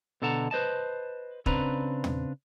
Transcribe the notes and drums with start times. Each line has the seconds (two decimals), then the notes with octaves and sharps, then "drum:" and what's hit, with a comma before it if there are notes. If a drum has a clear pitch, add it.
0.22 B2 D3 A4 F#5 A5 A#5
0.51 B4 C5 D#5 A5
1.46 C#3 C4 D4 B4 A#5, drum: kick
2.04 drum: tom